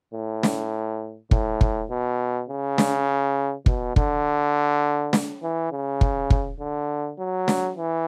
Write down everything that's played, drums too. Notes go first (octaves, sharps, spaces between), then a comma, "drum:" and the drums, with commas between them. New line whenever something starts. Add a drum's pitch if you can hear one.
A2
drum: snare
A2, drum: kick
drum: kick
B2
C#3
drum: snare
B2, drum: kick
D3, drum: kick
drum: snare
E3
C#3
drum: kick
drum: kick
D3
F#3
drum: snare
E3